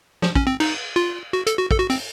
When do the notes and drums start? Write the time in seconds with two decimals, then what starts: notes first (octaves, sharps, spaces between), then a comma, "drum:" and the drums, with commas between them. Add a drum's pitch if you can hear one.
0.22 F3, drum: snare
0.35 C#4, drum: kick
0.47 C4
0.60 D#4, drum: cymbal
0.96 F4
1.33 F#4
1.47 A4, drum: hi-hat
1.58 F#4
1.71 A4, drum: kick
1.80 F#4
1.90 C4, drum: open hi-hat